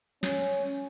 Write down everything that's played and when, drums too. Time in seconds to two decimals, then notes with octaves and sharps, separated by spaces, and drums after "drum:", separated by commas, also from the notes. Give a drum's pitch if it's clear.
0.23 C#4, drum: snare